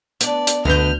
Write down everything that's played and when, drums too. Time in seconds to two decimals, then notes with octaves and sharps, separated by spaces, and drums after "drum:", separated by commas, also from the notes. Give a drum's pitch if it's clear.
0.21 B3 D4 D5, drum: hi-hat
0.47 drum: hi-hat
0.65 D2 D3 B4 D#5 F6 G6